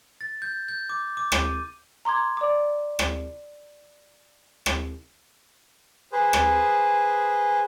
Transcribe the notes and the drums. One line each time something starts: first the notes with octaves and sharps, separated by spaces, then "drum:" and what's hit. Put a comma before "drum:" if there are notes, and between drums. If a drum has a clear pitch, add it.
A6
G6
G6
D6
D6
D#7, drum: rim click
A#5 C6 D6 G#6
D5 D6
drum: rim click
drum: rim click
G#4 B4 C5
drum: rim click